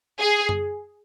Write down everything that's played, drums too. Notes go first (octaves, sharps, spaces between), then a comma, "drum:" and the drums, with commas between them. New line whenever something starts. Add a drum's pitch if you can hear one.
G#4
drum: tom F#2